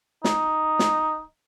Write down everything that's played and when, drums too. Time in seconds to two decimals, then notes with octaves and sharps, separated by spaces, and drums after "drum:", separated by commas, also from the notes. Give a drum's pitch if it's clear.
0.24 D#4, drum: snare
0.79 drum: snare